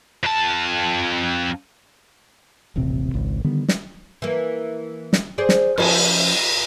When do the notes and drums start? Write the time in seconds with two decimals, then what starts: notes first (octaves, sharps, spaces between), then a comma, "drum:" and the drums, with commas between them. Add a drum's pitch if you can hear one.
0.23 F2 A5
2.76 D#1 A1 C3 C4
3.14 G#1 C#2
3.44 D3 D#3 G3 B3
3.68 drum: snare
4.22 E3 A#3
5.13 drum: snare
5.38 G#4 C5 D5
5.49 drum: snare
5.78 F3 C#4, drum: cymbal